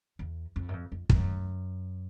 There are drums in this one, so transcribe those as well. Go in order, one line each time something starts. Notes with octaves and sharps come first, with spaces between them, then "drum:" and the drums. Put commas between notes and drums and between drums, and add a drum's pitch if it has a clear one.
E2
F2
F#2
F2
F2
F#2, drum: kick